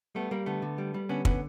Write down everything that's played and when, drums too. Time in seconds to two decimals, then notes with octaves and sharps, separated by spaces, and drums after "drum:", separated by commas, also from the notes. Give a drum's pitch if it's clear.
0.15 G3 A3 B3
0.31 G3 A#3
0.46 D3 A3 B3
0.62 D3
0.78 G3
0.94 G3
1.09 D3 B3 C#4
1.25 D3 B3 C#4, drum: kick